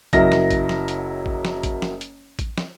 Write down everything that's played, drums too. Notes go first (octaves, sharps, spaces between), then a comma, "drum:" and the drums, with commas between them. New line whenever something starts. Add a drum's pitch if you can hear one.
F#1 F#3 E4 A#4 D#5 A#6, drum: kick A1, hi-hat
drum: snare
drum: kick A1, hi-hat
drum: snare
drum: hi-hat
drum: kick A1
drum: snare
drum: kick A1, hi-hat
drum: snare
drum: hi-hat
drum: kick A1, hi-hat
drum: snare